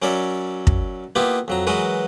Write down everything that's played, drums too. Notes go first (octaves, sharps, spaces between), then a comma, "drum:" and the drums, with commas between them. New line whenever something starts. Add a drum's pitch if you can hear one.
F#3 C#4 A#4 C#5 D5 E5
drum: kick
A#3 B3 E4 F4 G4
F2 F#3 A#5
E3 F#3 G#3 F#4 A#4 B4